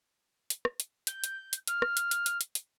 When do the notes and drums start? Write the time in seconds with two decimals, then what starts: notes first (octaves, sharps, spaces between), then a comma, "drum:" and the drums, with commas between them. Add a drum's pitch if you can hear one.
0.50 drum: hi-hat
0.65 drum: rim click
0.80 drum: hi-hat
1.07 G6, drum: hi-hat
1.24 drum: hi-hat
1.53 drum: hi-hat
1.67 F6, drum: hi-hat
1.82 drum: rim click
1.97 drum: hi-hat
2.11 drum: hi-hat
2.26 drum: hi-hat
2.41 drum: hi-hat
2.55 drum: hi-hat